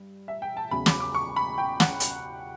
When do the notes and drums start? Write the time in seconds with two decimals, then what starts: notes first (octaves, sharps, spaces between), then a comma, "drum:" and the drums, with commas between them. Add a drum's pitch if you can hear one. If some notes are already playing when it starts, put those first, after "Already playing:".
Already playing: G2
0.28 E5
0.42 G5
0.57 A5
0.71 E1 E2 C#3 F#3 B5
0.86 D6, drum: snare
1.00 D6
1.15 C#6
1.36 B5
1.58 G5
1.80 F#5, drum: snare
2.00 drum: hi-hat